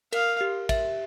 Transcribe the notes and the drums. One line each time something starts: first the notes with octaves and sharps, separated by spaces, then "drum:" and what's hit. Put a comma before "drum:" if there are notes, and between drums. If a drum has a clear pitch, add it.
A#4 F5, drum: cymbal
G4
E5, drum: kick, cymbal